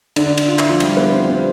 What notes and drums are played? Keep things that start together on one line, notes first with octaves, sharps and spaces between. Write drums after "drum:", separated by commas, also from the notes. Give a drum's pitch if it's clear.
D3 D4, drum: cymbal
drum: cymbal
F4
E4, drum: clap
F3 F4
G3 G4, drum: cymbal
B3 B4
C4 C5
C4 C5